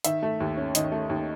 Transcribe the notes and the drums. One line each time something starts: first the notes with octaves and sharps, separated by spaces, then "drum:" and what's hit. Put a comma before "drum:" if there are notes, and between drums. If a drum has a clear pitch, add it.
D#3 E5, drum: hi-hat
A3
D#2
C#4
D#3 D#5, drum: hi-hat
A3
D#2